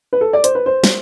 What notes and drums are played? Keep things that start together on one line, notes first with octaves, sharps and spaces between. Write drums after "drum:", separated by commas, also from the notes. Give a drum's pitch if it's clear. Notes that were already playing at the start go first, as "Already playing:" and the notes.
B4
A4
D5
C5, drum: hi-hat
B4
C5
drum: snare